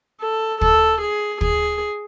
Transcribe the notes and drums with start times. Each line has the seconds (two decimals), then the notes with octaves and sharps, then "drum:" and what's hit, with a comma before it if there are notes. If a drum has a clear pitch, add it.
0.21 A4
0.61 A4, drum: kick
1.01 G#4
1.41 G#4, drum: kick